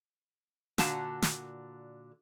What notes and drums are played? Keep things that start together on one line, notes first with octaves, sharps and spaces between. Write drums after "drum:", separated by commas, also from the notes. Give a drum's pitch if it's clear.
A#2 D3 F#4 A5, drum: snare
drum: snare